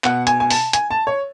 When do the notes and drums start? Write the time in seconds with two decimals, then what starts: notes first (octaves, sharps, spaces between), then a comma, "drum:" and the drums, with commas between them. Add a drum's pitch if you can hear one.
0.04 B2 F#5, drum: clap
0.27 G#5, drum: hi-hat
0.40 G#5
0.51 A5, drum: open hi-hat
0.73 G#5, drum: hi-hat
0.91 A5
1.07 C#5